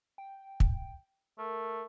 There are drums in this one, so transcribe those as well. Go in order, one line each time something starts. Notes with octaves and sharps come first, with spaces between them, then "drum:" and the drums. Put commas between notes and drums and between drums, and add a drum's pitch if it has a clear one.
G5
drum: kick
A3 A#4